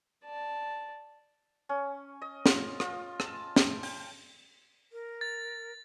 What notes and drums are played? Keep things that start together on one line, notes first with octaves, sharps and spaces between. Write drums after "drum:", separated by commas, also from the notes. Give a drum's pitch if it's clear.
D5 A5
C#4
D#5
F4, drum: snare
F4, drum: rim click
A5, drum: rim click
G5, drum: snare
G5, drum: open hi-hat
A#4
A6